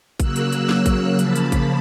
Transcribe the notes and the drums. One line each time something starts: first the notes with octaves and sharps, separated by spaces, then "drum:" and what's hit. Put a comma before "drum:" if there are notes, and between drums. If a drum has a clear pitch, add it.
C#3 F#3 A#3 E6 F#6, drum: kick A1, hi-hat
drum: hi-hat
drum: hi-hat
drum: snare
drum: kick A1, hi-hat
C#3 F3 A#3 A5 B5, drum: hi-hat
drum: hi-hat
drum: kick A1, hi-hat